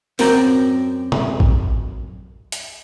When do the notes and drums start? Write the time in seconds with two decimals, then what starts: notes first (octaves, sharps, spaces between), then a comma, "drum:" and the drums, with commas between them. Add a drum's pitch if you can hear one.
0.19 F#2 C4 F#4 A#4 D5 G5, drum: open hi-hat
1.12 drum: tom B2
1.40 drum: kick A1
2.52 drum: hi-hat